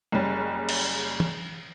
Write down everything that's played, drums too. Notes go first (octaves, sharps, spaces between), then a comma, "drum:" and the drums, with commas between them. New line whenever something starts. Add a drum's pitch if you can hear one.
F#1 C#3 G3 C#5
drum: cymbal
drum: tom E3